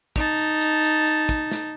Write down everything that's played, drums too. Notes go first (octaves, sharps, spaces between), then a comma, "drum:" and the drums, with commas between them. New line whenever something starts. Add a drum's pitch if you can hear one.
D#4 A5, drum: kick
drum: hi-hat
drum: hi-hat
drum: hi-hat
drum: hi-hat
drum: kick, hi-hat
drum: snare